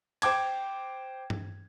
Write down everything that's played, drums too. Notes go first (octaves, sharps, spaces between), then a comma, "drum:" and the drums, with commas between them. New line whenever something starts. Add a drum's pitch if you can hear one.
C5 G5 D6 G#6, drum: cymbal
drum: tom G2